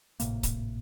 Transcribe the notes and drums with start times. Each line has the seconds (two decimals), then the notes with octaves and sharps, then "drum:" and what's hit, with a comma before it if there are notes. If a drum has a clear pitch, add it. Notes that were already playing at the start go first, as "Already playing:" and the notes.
0.20 G#1 A2 C3 A#3, drum: hi-hat
0.43 drum: kick C#1, hi-hat